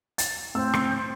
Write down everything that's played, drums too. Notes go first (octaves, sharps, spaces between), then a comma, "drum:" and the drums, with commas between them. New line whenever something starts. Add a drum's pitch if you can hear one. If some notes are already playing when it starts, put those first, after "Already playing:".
A6, drum: hi-hat
A2 C4 E6
drum: rim click